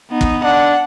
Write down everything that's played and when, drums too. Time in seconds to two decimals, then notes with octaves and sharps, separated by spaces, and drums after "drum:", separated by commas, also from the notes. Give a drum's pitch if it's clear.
0.11 B3 D#4
0.21 drum: kick
0.44 D4 F#5